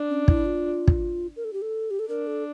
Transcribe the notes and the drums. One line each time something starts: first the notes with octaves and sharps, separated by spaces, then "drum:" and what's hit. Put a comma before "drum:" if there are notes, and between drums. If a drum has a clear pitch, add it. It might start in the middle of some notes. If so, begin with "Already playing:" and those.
Already playing: D4
C#4
E4, drum: kick
F4
drum: kick
A#4
A4
G4
A4
G4
A4
D4 A#4
A4